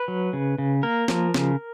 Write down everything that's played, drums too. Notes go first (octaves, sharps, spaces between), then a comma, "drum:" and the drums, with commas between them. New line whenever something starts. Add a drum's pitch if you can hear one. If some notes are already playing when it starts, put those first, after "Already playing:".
Already playing: B4
F#3
C#3
C#3
A#3 A#4
F3, drum: snare
C#3, drum: snare